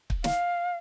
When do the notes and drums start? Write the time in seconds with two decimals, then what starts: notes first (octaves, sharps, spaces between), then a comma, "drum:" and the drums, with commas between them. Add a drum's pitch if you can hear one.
0.10 drum: kick
0.24 F5, drum: snare